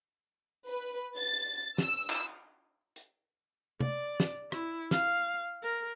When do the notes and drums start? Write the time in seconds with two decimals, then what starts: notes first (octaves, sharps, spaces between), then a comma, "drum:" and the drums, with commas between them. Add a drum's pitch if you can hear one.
0.68 B4
1.18 A6
1.78 E6, drum: snare
2.09 drum: clap
2.96 drum: hi-hat
3.80 D5, drum: tom C3
4.20 drum: snare
4.52 E4, drum: rim click
4.91 F5, drum: snare
5.63 A#4